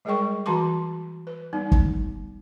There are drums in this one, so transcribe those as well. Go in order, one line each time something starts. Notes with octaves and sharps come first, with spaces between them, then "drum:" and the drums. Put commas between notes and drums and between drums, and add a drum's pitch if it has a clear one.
G3 G#3 G#4 A#4 G5 C#6
E3 F#4 A5 C6 D6
B4
G3 B3 D#4
drum: kick